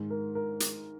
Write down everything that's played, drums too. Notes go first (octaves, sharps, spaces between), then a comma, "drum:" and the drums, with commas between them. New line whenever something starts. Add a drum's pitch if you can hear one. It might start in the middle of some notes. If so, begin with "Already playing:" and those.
Already playing: G#2 D#3 G#3
A#4
A#4
drum: hi-hat